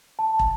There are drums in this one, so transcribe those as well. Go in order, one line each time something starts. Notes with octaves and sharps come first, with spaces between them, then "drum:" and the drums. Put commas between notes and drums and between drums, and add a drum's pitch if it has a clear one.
A5
drum: kick